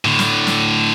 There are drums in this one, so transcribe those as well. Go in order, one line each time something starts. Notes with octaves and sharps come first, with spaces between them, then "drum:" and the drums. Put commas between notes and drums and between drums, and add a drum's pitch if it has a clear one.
A2 D3
drum: snare
drum: snare